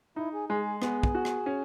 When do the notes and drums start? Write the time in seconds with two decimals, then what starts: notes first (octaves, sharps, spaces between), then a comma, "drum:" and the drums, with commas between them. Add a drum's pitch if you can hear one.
0.16 D#4 E4
0.34 G#4
0.50 G#3 G#4
0.65 G#4
0.82 B3 G#4, drum: rim click
1.03 drum: kick
1.15 F#4
1.25 drum: rim click
1.46 C#4